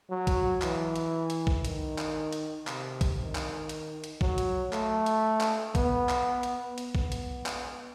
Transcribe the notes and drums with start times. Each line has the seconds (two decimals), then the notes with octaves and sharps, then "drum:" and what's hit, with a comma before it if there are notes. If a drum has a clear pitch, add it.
0.10 F#3
0.27 drum: kick, hi-hat
0.62 E3, drum: clap
0.96 drum: hi-hat
1.30 drum: hi-hat
1.47 drum: kick
1.65 D#3, drum: hi-hat
1.98 drum: clap
2.32 drum: hi-hat
2.67 C3, drum: clap
3.01 drum: kick, hi-hat
3.19 D#3
3.35 drum: clap
3.69 drum: hi-hat
4.04 drum: hi-hat
4.21 F#3, drum: kick
4.38 drum: hi-hat
4.73 A3, drum: clap
5.06 drum: hi-hat
5.41 drum: clap
5.75 B3, drum: kick, hi-hat
6.09 drum: clap
6.43 drum: hi-hat
6.78 B3, drum: hi-hat
6.95 drum: kick
7.12 drum: hi-hat
7.46 drum: clap